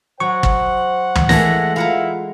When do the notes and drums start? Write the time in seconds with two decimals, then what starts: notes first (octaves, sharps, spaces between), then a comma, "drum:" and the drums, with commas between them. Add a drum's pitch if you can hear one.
0.20 F#3 C5 F#5 C#6
0.43 drum: kick
1.15 drum: tom
1.29 E3 G#3 A3 A#6, drum: snare
1.76 E4 F4 F5 F#5 A#5